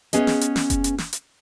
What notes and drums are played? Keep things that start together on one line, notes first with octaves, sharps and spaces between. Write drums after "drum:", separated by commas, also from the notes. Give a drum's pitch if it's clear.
B3 C#4 G#4 D#5, drum: hi-hat
drum: snare
drum: hi-hat
drum: snare
drum: kick F1, hi-hat
drum: hi-hat
drum: snare
drum: hi-hat